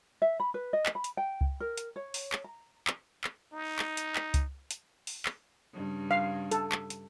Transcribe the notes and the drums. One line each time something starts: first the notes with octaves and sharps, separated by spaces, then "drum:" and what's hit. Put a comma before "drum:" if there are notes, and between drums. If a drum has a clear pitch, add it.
E5
B5
B4
D#5
drum: clap
B5
drum: hi-hat
G5
drum: kick C#2
A#4
drum: hi-hat
C#5
drum: open hi-hat
drum: clap
A#5
drum: clap
drum: clap
D#4
drum: clap
drum: hi-hat
drum: clap
drum: kick C#2, hi-hat
drum: hi-hat
drum: open hi-hat
drum: clap
G2 C#3
F5
A4, drum: hi-hat
drum: clap
drum: hi-hat